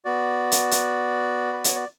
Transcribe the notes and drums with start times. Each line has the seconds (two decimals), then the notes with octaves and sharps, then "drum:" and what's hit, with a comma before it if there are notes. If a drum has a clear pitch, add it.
0.05 B3 F#4 D5
0.52 drum: hi-hat
0.71 drum: hi-hat
1.53 B4
1.64 C#5, drum: hi-hat
1.76 D5